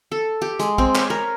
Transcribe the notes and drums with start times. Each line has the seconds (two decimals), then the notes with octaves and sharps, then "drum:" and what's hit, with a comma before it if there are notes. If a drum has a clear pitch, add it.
0.12 A4
0.42 G4
0.59 G#3, drum: hi-hat
0.78 C4, drum: kick
0.95 C#5, drum: clap
1.10 A#4